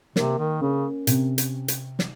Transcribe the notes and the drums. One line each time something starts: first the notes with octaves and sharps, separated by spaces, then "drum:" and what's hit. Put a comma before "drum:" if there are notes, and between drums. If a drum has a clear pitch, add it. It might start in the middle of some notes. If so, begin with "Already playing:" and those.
C3 A#3, drum: snare
D#3
C#3 C#4
C3, drum: hi-hat
drum: hi-hat
drum: hi-hat
drum: snare